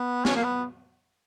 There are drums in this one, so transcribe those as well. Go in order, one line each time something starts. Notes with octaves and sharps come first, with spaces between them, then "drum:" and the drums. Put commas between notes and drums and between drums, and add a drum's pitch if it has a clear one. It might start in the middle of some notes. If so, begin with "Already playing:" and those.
Already playing: B3
C#4, drum: snare
A#3
B3